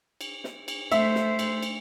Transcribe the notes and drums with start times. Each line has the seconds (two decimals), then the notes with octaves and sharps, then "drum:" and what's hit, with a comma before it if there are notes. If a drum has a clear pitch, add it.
0.21 drum: cymbal
0.44 drum: snare
0.68 drum: cymbal
0.92 A3 C5 E5, drum: cymbal
1.15 drum: snare
1.39 drum: cymbal
1.63 drum: cymbal